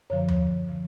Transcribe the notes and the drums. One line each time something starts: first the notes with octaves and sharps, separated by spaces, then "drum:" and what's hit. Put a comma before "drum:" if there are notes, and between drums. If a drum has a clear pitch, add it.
F#2 D3 F3 C#5
drum: tom D#2
D3 F3